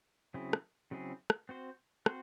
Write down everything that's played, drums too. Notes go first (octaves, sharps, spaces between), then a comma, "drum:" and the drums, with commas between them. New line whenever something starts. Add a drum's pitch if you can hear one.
C#3 F#3 C4 E4 G#4
drum: rim click
C#3 F#3 C4 E4 G#4
drum: rim click
C4 F#4 C5
C4 F#4 C5, drum: rim click